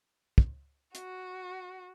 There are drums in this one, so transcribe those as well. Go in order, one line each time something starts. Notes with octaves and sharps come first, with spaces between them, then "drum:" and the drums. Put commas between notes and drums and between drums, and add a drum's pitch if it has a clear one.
drum: kick
F#4, drum: hi-hat